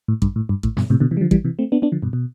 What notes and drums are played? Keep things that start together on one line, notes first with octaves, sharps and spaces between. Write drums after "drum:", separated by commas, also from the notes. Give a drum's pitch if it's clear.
A2
G2, drum: kick
A2
G2
A2, drum: kick
G2 B2, drum: snare
A2 C3
B2 D3
C3 E3
G3
D3 F3
E3 G3, drum: kick
C3 E3
A3 C4
B3 D4
B3 D4
D3 F3
G2 B2
B2